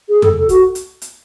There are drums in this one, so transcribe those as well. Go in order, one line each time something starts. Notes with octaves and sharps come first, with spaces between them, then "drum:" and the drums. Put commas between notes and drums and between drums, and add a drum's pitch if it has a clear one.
G#4
A4, drum: tom F2
A4
F#4, drum: kick, hi-hat
drum: hi-hat
drum: hi-hat